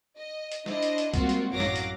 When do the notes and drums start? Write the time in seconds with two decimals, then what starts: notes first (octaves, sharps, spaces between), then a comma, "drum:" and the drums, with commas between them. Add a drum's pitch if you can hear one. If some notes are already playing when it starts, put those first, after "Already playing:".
0.18 D#5
0.52 drum: hi-hat
0.66 D4 E4 C5 D#5, drum: snare
0.83 drum: hi-hat
0.98 drum: hi-hat
1.14 G3 G#3 A#3 C4 F4 F#4, drum: kick C2, hi-hat
1.29 drum: hi-hat
1.51 A1 F#2 F#3 F5 D6 A#6
1.60 drum: snare
1.76 drum: hi-hat